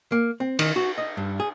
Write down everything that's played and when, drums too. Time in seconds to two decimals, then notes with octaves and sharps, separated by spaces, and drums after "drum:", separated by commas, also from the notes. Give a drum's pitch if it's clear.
0.12 A#3
0.40 C4
0.59 D#3, drum: cymbal
0.76 F#4
0.98 D#5
1.17 G2
1.40 G#4